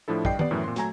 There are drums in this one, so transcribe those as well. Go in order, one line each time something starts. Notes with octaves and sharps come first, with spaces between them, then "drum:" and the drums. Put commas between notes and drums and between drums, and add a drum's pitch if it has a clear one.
A2 F3 D4 E4 A4
G2 D5 D#5 G5 C7, drum: kick
B3 G4 D5, drum: tom D#3
F#2 A2 E3
A#2 C4 C6
F#3 A3 G#5 A#5 G#6, drum: hi-hat